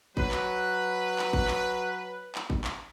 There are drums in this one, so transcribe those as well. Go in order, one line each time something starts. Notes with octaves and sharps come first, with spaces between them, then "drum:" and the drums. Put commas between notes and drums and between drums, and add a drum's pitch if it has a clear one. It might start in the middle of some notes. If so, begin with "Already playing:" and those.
F#3 B4, drum: kick G#1
drum: clap
drum: clap
drum: kick G#1
drum: clap
drum: clap
drum: kick G#1
drum: clap